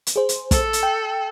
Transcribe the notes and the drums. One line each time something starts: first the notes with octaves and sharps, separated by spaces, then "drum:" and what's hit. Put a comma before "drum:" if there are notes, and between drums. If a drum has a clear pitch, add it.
drum: hi-hat
G#4 C5
drum: hi-hat
A4, drum: kick, hi-hat
drum: hi-hat
G5